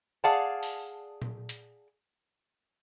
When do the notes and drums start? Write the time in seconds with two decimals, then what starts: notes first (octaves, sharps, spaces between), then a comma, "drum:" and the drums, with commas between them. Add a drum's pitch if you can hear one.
0.24 G#4 D5 F5 F#5 A5
0.63 drum: open hi-hat
1.22 drum: tom A#2
1.49 drum: hi-hat